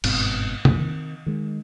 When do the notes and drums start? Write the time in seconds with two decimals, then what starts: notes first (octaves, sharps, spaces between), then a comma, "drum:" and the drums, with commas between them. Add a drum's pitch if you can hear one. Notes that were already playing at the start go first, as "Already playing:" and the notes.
0.04 G1 G#2 B2 C4, drum: cymbal
0.65 B1 F2, drum: tom C3
0.79 D#3 C4
1.26 D#3 G#3